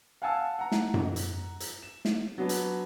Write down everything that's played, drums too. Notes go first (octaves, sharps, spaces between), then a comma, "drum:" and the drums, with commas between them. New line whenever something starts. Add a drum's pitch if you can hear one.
F5 F#5 G#5 A5 E6
F#5 A#5
drum: snare
drum: tom F#2
drum: hi-hat
drum: hi-hat
E7
drum: snare
F#3 B3 D4
drum: hi-hat